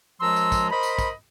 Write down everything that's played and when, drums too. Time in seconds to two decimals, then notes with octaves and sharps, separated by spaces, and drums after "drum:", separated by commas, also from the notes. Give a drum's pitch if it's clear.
0.21 F#2 F3 G#3 A#5 C6 E6
0.36 drum: tambourine
0.52 drum: kick, tambourine
0.71 A#4 C5 D#5 B5
0.83 drum: tambourine
0.98 drum: kick, tambourine